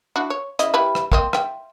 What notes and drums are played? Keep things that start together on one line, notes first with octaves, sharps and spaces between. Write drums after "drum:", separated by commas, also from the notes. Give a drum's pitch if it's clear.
D4 E4 F#4
C#5
C#3 E4 D#5, drum: hi-hat
G3 E4 B4
drum: rim click
A#3 C4 D#5, drum: kick
E5 G5, drum: rim click